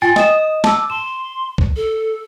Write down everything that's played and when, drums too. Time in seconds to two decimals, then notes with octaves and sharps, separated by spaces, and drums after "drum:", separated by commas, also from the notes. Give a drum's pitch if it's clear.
0.02 F4 G5 G#5 A6
0.16 D#5 D#6 E7, drum: snare
0.64 A5 D6 E6, drum: snare
0.90 C6 E7
1.58 drum: kick
1.76 A4